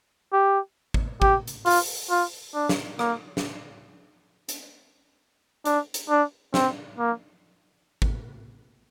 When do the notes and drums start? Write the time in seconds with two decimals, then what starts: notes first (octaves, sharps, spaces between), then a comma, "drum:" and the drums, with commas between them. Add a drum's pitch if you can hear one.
0.33 G4
0.94 drum: kick
1.22 G4, drum: kick
1.48 drum: hi-hat
1.66 F4, drum: open hi-hat
2.10 F4
2.54 D4
2.69 drum: snare
2.99 A#3, drum: rim click
3.37 drum: snare
4.49 drum: hi-hat
5.65 D4, drum: hi-hat
5.94 drum: hi-hat
6.10 D4
6.54 C4, drum: snare
6.98 A#3
8.02 drum: kick